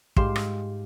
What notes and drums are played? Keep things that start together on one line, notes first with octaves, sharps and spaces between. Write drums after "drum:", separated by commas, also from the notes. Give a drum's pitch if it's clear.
G#2 G4 F5 C6 E7, drum: kick
drum: rim click